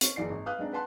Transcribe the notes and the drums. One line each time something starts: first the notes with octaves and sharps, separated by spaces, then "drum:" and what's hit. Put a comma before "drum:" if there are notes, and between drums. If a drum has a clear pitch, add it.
C#4, drum: hi-hat
F#1 E3 D5 C7
G#1
B4 F5 D#6 F#6 G6
G#3 C4 D4 D#4
B4 F#5 A5 C6 F#6